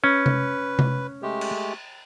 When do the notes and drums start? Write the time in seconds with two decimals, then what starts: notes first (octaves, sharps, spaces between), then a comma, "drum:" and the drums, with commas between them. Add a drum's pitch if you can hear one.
0.04 C#4 B4
0.26 drum: tom C3
0.79 drum: tom C3
1.22 G#3 A3 G4
1.41 drum: cymbal